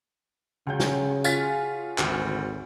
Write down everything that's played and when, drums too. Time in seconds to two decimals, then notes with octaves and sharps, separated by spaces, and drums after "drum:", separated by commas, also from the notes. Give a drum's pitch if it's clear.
0.67 C#2 C#3 F#3 G#4 G6
0.80 drum: snare
1.24 F4 G#4 C#5 F#5 A6 B6, drum: tambourine
1.99 G#1 D2, drum: clap